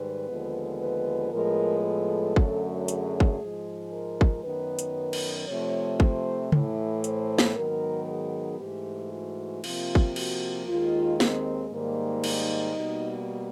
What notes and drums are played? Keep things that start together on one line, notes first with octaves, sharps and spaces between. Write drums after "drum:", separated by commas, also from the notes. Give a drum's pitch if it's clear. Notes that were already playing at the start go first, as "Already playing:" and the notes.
Already playing: G#2 D#3 G3 B4
D#2 D3 F3 G#3 B3
B4
A2 F3 G#3 B3 A#4
A4
F#2 D3 F#3 A3, drum: kick
G#4, drum: hi-hat
drum: kick
G#2 F3 G#3
A#4
drum: kick
F#2 D#3 F#3 B3 B4
drum: hi-hat
drum: cymbal
C3 F3 A3 C#5
C5, drum: kick
A2 E3 A3, drum: tom C#3
C5, drum: hi-hat
drum: snare
G#2 D#3 F#3 B3 A#4
G#4
G#2 E3 A3 G4
F#4
C3 F3 A#3 F4, drum: cymbal
drum: kick
F#4, drum: cymbal
D#2 D#3 G#3 F4
C4, drum: snare
G#2 D#3 G3 A#3
D#4, drum: cymbal
B2 G3 A#3